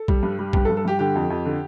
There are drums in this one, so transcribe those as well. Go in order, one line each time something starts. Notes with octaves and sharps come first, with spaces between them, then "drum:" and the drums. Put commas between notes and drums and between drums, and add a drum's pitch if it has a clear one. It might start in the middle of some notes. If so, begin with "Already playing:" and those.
Already playing: A4
G3, drum: kick A#1
G2
G3
G2 G4, drum: kick A#1
A4
G2
A4
G2 G4
D3 G4
F2
F2
D3